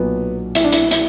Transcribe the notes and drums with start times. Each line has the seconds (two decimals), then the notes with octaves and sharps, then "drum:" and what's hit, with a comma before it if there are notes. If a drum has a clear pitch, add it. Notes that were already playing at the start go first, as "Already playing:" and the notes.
Already playing: B1 A#2 F#3 B3
0.55 E4, drum: hi-hat
0.64 D4
0.72 E4, drum: hi-hat
0.91 E4, drum: hi-hat